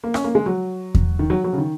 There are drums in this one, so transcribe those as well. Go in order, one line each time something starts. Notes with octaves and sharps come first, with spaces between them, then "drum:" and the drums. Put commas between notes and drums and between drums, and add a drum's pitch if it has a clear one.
A#3
C#4, drum: rim click
A#3
G#3
F#3
drum: kick E2
D#3
F#3
F#3
C#3
D#3